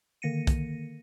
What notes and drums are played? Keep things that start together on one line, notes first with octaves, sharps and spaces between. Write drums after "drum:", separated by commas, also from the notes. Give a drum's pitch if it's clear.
D3 D#3 A#3 A#6 C#7 D#7
drum: kick, hi-hat